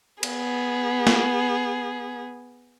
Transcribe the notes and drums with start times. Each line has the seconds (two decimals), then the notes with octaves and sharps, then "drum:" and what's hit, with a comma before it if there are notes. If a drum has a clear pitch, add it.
0.23 B3 G#4, drum: cymbal
1.07 drum: snare